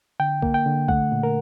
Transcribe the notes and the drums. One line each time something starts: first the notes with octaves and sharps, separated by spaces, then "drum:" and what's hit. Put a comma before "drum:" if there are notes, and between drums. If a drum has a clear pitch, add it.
D3 G5
A#3, drum: kick
G5
D3
A3 F#5, drum: kick
A#2
A#4